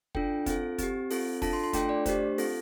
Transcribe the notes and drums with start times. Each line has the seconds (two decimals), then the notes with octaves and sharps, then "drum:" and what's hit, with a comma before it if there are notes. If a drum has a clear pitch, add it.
0.15 D4 F4 A4 G5, drum: kick
0.46 C4 F4 A4, drum: kick, hi-hat
0.78 C4 G4, drum: kick, hi-hat
1.10 C4 F4 A4, drum: open hi-hat
1.42 D4 F4 A4 A5, drum: kick, open hi-hat
1.53 C6
1.64 C6
1.73 A3 D4 F4 A4 G5, drum: kick, hi-hat
1.89 D5
2.06 A3 D4 G4 C5, drum: kick, hi-hat
2.38 C4 F4 A4, drum: open hi-hat